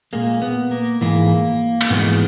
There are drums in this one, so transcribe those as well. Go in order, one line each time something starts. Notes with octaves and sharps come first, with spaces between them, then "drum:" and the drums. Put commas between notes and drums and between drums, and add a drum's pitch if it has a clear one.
A#2 G#3 A#3
B3
A#3
G#2 E3 G#3 A#3
drum: cymbal
G#2 E3 G#3 B3